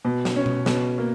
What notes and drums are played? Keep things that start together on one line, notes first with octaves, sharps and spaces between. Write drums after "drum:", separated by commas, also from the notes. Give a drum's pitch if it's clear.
B2
drum: snare
C#4
drum: tom B2
B2, drum: snare
A#3